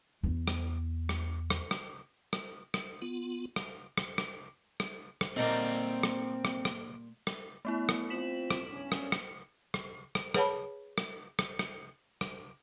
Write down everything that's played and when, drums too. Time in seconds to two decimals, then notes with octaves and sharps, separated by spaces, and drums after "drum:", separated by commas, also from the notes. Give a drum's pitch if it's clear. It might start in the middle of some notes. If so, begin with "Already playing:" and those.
0.23 E2 B3
0.48 drum: rim click
1.09 drum: rim click
1.50 drum: rim click
1.71 drum: rim click
2.33 drum: rim click
2.74 drum: rim click
3.02 B3 F4
3.56 drum: rim click
3.98 drum: rim click
4.18 drum: rim click
4.80 drum: rim click
5.21 drum: rim click
5.36 A#2 G3 A#3 C4 D#4 A4 A#4 A#5
6.03 drum: rim click
6.45 drum: rim click
6.65 drum: rim click
7.27 drum: rim click
7.65 A3 B3 E4
7.89 drum: rim click
8.10 C4 F4 B6 E7 F#7
8.51 drum: rim click
8.71 G2 C#4
8.92 drum: rim click
9.12 drum: rim click
9.74 drum: rim click
10.15 drum: rim click
10.34 G#4 B4 C#5 F#5 A5 B5, drum: rim click
10.98 drum: rim click
11.39 drum: rim click
11.59 drum: rim click
12.21 drum: rim click